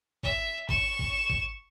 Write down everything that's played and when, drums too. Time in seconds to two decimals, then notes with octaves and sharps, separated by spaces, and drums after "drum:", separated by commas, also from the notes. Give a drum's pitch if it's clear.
0.23 E5, drum: kick
0.69 C#6 E7, drum: kick
0.99 drum: kick
1.30 drum: kick